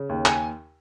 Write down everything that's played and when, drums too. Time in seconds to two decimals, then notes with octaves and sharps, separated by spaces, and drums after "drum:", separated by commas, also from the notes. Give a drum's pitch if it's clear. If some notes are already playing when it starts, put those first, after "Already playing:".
Already playing: C#3
0.09 D#2
0.25 G#5, drum: clap